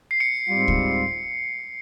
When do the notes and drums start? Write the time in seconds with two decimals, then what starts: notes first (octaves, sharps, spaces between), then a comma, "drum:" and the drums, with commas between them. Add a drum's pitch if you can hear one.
0.11 C7
0.20 C#7
0.47 G#2 G3 C4 F4
0.68 drum: kick C#2